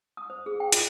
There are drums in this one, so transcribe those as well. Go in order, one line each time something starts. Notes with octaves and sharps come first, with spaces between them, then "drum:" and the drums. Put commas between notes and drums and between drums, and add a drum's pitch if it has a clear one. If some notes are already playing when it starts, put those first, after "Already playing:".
D#6
C5
G#4
G5
F4, drum: hi-hat